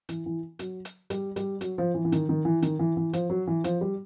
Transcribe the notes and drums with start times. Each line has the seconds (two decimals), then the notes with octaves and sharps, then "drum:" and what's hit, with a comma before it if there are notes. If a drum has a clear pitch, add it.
0.09 E3, drum: hi-hat
0.26 E3
0.59 F#3, drum: hi-hat
0.85 drum: hi-hat
1.10 G3, drum: hi-hat
1.36 G3, drum: hi-hat
1.61 F#3, drum: hi-hat
1.78 F3
1.94 E3
2.05 E3
2.12 D#3, drum: hi-hat
2.29 D#3
2.45 E3
2.62 D#3, drum: hi-hat
2.79 E3
2.97 E3
3.13 F3, drum: hi-hat
3.30 F#3
3.47 E3
3.64 F3, drum: hi-hat
3.81 G3